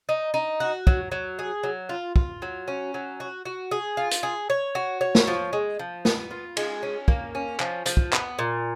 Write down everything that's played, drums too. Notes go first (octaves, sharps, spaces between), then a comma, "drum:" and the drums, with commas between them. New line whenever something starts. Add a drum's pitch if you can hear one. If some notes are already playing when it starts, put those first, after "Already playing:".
D#4
D#4
F#4
F#3, drum: kick
F#3
G#4
F#3
F4
F4, drum: kick
F#3
C#4
F#3
F#4
F#4
G#4
F4
drum: hi-hat
G#4
C#5
F#4
C#5
drum: snare
F3
G#3
F3
B3, drum: snare
F4
G#3, drum: cymbal
C#4
A#3, drum: kick
C#4
F3, drum: clap
F3, drum: hi-hat
drum: kick
B3, drum: clap
A#2